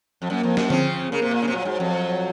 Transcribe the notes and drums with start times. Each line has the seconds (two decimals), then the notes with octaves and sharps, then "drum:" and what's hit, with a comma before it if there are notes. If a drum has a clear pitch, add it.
0.22 F2
0.30 F#2 A#3
0.43 F2
0.57 F#2, drum: snare
0.70 C#3 F3 C4, drum: tom D3
1.12 C#3 A#3
1.22 C3
1.31 A#2
1.42 C#3
1.48 C3
1.52 A#2 F#3
1.65 G#2
1.80 F2